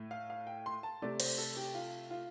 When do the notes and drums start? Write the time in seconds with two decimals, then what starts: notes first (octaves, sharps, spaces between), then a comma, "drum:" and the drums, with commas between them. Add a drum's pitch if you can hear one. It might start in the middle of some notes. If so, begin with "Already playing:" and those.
Already playing: A2 A3
0.11 F5
0.30 F5
0.47 G5
0.66 C6
0.83 A5
1.02 C3 A3 D5
1.20 C5, drum: cymbal
1.38 A4
1.57 G4
1.74 F4
2.10 F4